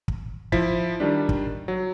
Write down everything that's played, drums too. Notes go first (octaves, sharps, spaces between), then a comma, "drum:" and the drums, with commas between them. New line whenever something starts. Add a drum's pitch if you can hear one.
drum: kick
F3 E4 B6, drum: kick
D#3 G3 D4
drum: kick
F#3